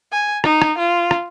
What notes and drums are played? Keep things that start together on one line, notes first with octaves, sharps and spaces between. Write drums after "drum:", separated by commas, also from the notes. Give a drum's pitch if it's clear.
G#5
D#4, drum: rim click
drum: rim click
F4
drum: rim click